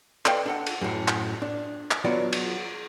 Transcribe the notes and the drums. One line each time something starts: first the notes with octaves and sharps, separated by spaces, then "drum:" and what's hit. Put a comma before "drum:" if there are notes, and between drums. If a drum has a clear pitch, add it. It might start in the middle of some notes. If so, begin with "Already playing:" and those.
A4 B4 D5 D#5 F5 G5, drum: clap
D4 A4 F#5
drum: cymbal
F#2 A2
drum: clap
D4
drum: clap
F#3 B3 D4 F4 F#4 D5
drum: cymbal